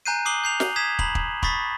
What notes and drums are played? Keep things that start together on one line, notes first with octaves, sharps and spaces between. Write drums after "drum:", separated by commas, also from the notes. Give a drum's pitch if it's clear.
G#5 A#5 F#6 G6 C7 D#7
D6 D#6 C7 F#7 G7
G6 C7 F7
drum: snare
D#6 G#6 B6 E7
A#5 B5 F#7, drum: kick
drum: kick
B5 C#6 D#6 A6 B6 C7, drum: kick